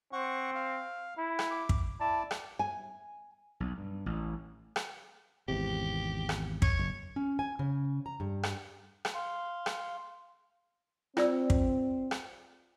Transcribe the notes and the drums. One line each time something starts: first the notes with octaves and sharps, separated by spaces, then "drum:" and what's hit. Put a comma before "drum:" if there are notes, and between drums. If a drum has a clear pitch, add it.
C4 F#5 C#6
F5
E4
drum: rim click
D6
drum: kick
E4 D5 A5
drum: rim click
G#5
B1
G2
A1
drum: rim click
G#1 E2 C3 G4
drum: rim click
C#5, drum: kick
F#1
C#4
G#5
C#3
A#5
G2
drum: rim click
drum: rim click
F5 C6
drum: rim click
C4 F4 D5 E6, drum: rim click
drum: kick
drum: rim click